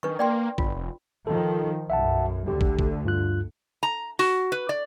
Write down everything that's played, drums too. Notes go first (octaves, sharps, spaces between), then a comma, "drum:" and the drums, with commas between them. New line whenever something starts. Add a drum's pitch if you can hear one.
D#3 D4 B4 C#6
A#3 D5 G5 C6
G1 F4, drum: kick
F1
D#3 F3 A4
B1 F#2 E5 F#5 A5
D2 D3 G4
drum: kick
drum: kick
G2 F4 F#6
A#5
F#4, drum: open hi-hat
B4
D5